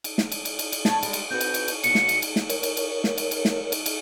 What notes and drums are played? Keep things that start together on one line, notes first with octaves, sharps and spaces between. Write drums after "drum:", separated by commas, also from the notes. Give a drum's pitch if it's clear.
drum: cymbal
drum: snare
drum: cymbal
drum: cymbal
drum: cymbal
drum: cymbal
A3 C#5 A5, drum: snare
G3 G#3, drum: cymbal
drum: cymbal
C4 F#4 B4 G6
drum: cymbal
drum: cymbal
drum: cymbal
B2 F#4 C#7, drum: cymbal
drum: snare
drum: cymbal
drum: cymbal
drum: snare
A#4 C#5, drum: cymbal
drum: cymbal
drum: cymbal
drum: snare
drum: cymbal
drum: cymbal
drum: snare
drum: cymbal
drum: cymbal